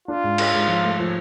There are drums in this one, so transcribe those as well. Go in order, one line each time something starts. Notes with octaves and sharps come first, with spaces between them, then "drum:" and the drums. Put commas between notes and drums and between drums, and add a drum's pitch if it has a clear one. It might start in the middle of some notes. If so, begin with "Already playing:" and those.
D4 F4
G#2
G#3, drum: cymbal
G#2
F3
A3
F3